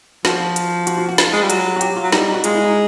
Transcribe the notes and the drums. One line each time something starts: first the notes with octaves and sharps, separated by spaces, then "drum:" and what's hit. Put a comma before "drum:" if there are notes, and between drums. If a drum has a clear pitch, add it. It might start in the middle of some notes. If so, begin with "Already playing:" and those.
F3 F#4, drum: snare
drum: hi-hat
F#4, drum: hi-hat
F#4
F#4
F4, drum: snare
G#3
G3
F#3, drum: hi-hat
F#4
G4, drum: hi-hat
F4
F#3
G3 D#4, drum: snare
F#4
G#3 F4, drum: hi-hat
E4
D#4